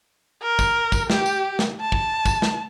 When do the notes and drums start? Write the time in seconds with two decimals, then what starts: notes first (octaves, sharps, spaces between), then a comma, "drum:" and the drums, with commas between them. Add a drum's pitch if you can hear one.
0.42 A#4
0.59 drum: kick, tambourine
0.92 drum: kick, tambourine
1.10 G4, drum: snare
1.26 drum: tambourine
1.59 drum: snare
1.80 A5
1.92 drum: kick
2.26 drum: kick, tambourine
2.42 drum: snare